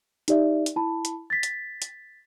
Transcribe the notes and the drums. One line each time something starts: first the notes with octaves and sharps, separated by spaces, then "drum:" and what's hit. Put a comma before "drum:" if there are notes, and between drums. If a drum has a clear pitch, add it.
D#4 G4 D5 E5, drum: hi-hat
drum: hi-hat
E4 A5 B5
drum: hi-hat
A6 B6
drum: hi-hat
drum: hi-hat